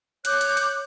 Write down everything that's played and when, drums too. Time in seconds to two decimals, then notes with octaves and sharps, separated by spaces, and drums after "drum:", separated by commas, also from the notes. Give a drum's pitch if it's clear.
0.25 C#5 D6 F#6 G6, drum: hi-hat
0.41 drum: hi-hat
0.57 drum: hi-hat